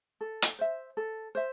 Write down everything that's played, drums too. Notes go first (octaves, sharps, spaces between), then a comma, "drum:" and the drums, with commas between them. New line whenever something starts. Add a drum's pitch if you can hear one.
A4
drum: hi-hat
C5 E5
A4
C5 E5